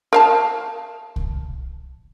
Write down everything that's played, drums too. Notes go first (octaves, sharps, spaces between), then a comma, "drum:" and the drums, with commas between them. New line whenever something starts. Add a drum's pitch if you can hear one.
A#4 F5 A5
drum: kick C2